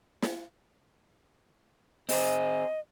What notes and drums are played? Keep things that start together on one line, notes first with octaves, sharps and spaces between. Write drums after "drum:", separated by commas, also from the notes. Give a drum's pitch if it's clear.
drum: snare
C4 G#4 C5 D#5, drum: open hi-hat